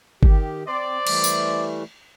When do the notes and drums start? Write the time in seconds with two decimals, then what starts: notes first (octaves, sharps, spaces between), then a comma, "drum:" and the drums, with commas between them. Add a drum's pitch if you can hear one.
0.23 D#3 G4, drum: kick G1
0.67 C4 C5 D5
1.07 E3 G3 A3, drum: cymbal
1.24 drum: tambourine